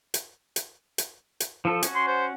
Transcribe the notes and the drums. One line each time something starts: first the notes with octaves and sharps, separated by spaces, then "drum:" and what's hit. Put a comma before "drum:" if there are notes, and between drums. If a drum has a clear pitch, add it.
drum: hi-hat
drum: hi-hat
drum: hi-hat
drum: hi-hat
F3 A4
C#4 F#4, drum: hi-hat
C6
C5